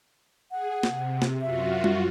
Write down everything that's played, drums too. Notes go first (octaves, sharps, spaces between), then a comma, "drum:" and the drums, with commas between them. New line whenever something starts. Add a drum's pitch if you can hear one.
G#4 F#5
C3, drum: snare
drum: snare
F#2 F4 F#4 E5
drum: tom G3